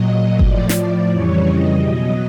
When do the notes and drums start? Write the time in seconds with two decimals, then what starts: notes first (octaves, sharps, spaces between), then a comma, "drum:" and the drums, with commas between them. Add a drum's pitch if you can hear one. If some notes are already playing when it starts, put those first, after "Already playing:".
Already playing: A#2 F#3 D#5
0.39 A2 F3 D5, drum: kick G1
0.69 drum: snare
1.11 F2 C#3 E3 G3 C#5
1.46 D#5
1.82 B2 F#3